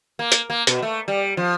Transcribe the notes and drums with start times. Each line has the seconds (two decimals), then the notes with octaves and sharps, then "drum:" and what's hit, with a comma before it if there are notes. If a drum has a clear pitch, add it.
0.19 A#3
0.32 drum: hi-hat
0.50 A#3
0.67 B2, drum: hi-hat
0.82 A3
1.08 G3
1.37 F3